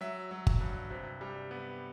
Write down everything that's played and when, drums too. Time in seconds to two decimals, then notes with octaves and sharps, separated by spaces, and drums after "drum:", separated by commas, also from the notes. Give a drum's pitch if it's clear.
0.01 F#3 E5
0.31 F#3
0.47 drum: kick G1
0.61 G2
0.90 C3
1.21 G3
1.51 B3